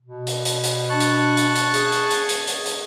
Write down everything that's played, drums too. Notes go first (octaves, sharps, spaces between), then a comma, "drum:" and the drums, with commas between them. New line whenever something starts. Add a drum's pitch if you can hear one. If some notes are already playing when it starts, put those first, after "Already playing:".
B2
drum: hi-hat
drum: hi-hat
drum: hi-hat
D4 A5 C#6 F#6
drum: hi-hat
drum: hi-hat
drum: hi-hat
G#4, drum: hi-hat
drum: hi-hat
drum: hi-hat
drum: hi-hat
drum: hi-hat
drum: hi-hat